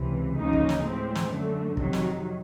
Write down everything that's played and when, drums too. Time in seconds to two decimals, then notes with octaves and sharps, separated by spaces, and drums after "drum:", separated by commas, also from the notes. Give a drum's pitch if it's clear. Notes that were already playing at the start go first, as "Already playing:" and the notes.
Already playing: C#2 C3 E3
0.37 D2 C#3 F3 A#3 D#4
0.53 drum: kick
0.69 drum: snare
0.84 A2 F3 G#3 C4
1.15 drum: snare
1.31 F#2 D3 F#3 A3
1.77 F2 C3 D#3 F#3, drum: kick
1.93 drum: snare